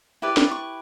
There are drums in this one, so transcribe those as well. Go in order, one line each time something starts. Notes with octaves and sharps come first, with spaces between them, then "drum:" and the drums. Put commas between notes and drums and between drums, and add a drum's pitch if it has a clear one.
E4 G4 B4 D5
drum: snare
C#6